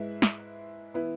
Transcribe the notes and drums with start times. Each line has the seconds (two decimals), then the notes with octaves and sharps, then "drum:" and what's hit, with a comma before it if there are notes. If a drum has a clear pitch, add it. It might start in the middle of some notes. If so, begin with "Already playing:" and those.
Already playing: G#2 G#3 E4 B4 E5
0.22 drum: snare
0.94 E3 B3 E4 B4